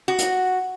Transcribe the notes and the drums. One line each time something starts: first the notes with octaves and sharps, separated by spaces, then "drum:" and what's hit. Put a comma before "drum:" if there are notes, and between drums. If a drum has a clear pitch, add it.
F#4
drum: hi-hat